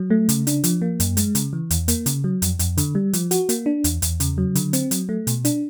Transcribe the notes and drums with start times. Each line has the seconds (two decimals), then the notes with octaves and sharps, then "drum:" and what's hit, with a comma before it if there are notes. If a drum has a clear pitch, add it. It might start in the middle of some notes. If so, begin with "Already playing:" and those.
Already playing: F#3
0.10 A3
0.29 C#3, drum: hi-hat
0.47 D4, drum: hi-hat
0.64 F3, drum: hi-hat
0.82 A#3
1.00 F#2, drum: hi-hat
1.17 G#3, drum: hi-hat
1.35 C#3, drum: hi-hat
1.53 E3
1.70 E2, drum: hi-hat
1.88 A#3, drum: hi-hat
2.06 C#3, drum: hi-hat
2.24 F#3
2.42 F2, drum: hi-hat
2.59 F2, drum: hi-hat
2.77 D3, drum: hi-hat
2.95 G3
3.13 F3, drum: hi-hat
3.31 F#4, drum: hi-hat
3.49 A#3, drum: hi-hat
3.66 D4
3.84 E2, drum: hi-hat
4.02 E2, drum: hi-hat
4.20 C#3, drum: hi-hat
4.38 F#3
4.55 D3, drum: hi-hat
4.73 C4, drum: hi-hat
4.91 F#3, drum: hi-hat
5.09 A3
5.27 B2, drum: hi-hat
5.45 D4, drum: hi-hat